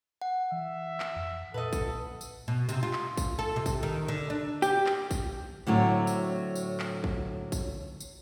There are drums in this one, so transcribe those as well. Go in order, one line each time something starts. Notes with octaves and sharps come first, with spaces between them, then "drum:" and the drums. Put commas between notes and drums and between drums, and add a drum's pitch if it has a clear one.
F#5
E3 E5
drum: clap
F2
A#2 A4 B4 D#5
drum: kick, tambourine
drum: tambourine
B2
C3, drum: tambourine
F4
drum: clap
drum: kick, tambourine
A4
C3
drum: kick, tambourine
D#3
D3
D4
G4, drum: tambourine
drum: clap
drum: kick, tambourine
A2 D3 F#3 C4
drum: tambourine
drum: tambourine
drum: clap
drum: kick
drum: kick, tambourine
drum: tambourine